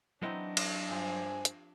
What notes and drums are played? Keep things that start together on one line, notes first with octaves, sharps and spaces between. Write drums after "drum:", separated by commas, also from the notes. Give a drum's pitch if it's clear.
E3 F#3 C4 D4 D#4 D#5
drum: cymbal
G2 F3 G4 C5 D5 G#5
drum: hi-hat